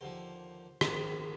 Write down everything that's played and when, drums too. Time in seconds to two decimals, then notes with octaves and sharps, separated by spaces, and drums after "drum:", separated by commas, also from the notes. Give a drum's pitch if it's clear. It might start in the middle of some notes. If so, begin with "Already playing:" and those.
0.01 D#2 D3 F3 C5
0.81 A#1 G#2 D#3, drum: rim click